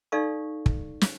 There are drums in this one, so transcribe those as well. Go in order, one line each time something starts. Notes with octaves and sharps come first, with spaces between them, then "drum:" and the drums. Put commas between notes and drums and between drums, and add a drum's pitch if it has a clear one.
D#4 A4 D5 F5 C#6
drum: kick
drum: snare